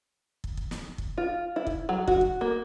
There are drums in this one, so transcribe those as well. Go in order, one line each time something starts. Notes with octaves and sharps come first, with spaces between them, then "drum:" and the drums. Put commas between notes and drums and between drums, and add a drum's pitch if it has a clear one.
drum: kick
drum: kick
drum: snare
drum: kick
F4
E4
drum: kick
F#3
F#4, drum: kick
drum: kick
A#3